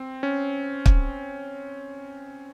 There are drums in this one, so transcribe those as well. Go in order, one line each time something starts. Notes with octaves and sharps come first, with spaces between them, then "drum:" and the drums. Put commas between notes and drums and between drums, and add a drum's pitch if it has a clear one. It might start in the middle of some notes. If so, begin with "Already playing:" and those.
Already playing: C4
C#4
drum: kick